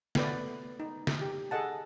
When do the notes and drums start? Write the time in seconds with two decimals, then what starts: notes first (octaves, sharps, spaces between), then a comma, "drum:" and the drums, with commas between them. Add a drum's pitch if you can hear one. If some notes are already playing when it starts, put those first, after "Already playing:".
0.15 A3 B3 B4 D5, drum: snare
0.80 D#4
1.07 drum: snare
1.22 G4
1.51 G#4 A4 D#5 F#5 A5